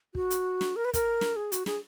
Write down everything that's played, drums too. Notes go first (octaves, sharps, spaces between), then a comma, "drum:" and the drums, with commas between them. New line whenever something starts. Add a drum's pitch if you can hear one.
F#4, drum: kick
drum: hi-hat
drum: snare
A#4
B4
A#4, drum: kick, hi-hat
drum: snare
G#4
F#4, drum: hi-hat
G#4, drum: snare